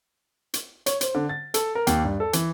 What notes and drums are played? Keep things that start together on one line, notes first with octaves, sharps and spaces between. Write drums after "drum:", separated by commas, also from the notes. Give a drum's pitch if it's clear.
drum: hi-hat
C#5, drum: hi-hat
C5, drum: hi-hat
D3
A6
A4, drum: hi-hat
A#4
D#2, drum: hi-hat
G2
A4
E3, drum: hi-hat